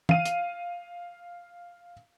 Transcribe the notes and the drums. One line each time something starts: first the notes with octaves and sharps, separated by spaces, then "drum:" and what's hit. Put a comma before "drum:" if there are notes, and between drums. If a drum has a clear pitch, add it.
F5 D#7, drum: tom
drum: hi-hat